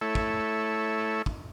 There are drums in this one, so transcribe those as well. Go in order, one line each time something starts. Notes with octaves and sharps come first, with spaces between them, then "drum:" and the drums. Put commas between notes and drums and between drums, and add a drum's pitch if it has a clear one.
A3 E4 A4 C#5 E5
drum: kick
drum: kick